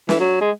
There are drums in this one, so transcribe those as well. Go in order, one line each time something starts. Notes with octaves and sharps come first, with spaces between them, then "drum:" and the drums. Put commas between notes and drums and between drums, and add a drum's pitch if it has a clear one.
E3, drum: snare
F#3
G#3